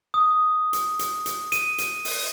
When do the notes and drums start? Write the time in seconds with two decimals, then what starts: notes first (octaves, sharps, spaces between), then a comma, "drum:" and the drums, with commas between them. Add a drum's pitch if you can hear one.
0.14 D#6
0.73 drum: hi-hat
0.99 drum: hi-hat
1.26 drum: hi-hat
1.52 D#7, drum: hi-hat
1.78 drum: hi-hat
2.05 drum: open hi-hat